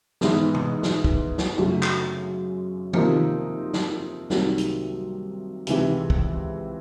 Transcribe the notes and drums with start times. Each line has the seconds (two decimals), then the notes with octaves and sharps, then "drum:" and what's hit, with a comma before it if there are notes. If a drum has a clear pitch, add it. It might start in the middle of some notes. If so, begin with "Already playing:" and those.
0.21 G#2 E3 G#3 B3 D#4, drum: snare
0.54 drum: tom B2
0.83 drum: snare
1.04 drum: kick
1.38 drum: snare
1.58 F#2 C#3 F#3 A3, drum: tom
1.83 drum: clap
2.93 C3 F3 A#3 D#4, drum: tom D#3
3.73 drum: snare
4.30 C2 C3 D#3 F#3 A#3, drum: snare
4.58 drum: hi-hat
5.67 C#2 C3 E3, drum: hi-hat
6.10 drum: kick